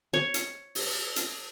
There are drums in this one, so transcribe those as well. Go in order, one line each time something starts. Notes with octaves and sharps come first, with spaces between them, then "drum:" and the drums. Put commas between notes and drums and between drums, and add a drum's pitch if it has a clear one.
C#5
drum: hi-hat
drum: open hi-hat
drum: hi-hat